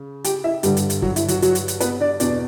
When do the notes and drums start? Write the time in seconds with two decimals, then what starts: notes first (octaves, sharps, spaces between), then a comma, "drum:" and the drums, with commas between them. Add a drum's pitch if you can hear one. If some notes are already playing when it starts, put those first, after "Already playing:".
Already playing: C#3
0.24 G4 G5, drum: hi-hat
0.44 E4 E5
0.63 G2 D3 G3 G4, drum: hi-hat
0.77 drum: hi-hat
0.90 drum: hi-hat
1.02 F#3 F#4, drum: kick
1.16 E4, drum: hi-hat
1.28 F#3 F#4, drum: hi-hat
1.42 F#3 F#4, drum: hi-hat
1.55 drum: hi-hat
1.68 drum: hi-hat
1.80 B3 B4, drum: hi-hat
2.00 D4 D5
2.20 E2 B2 D4 D5, drum: hi-hat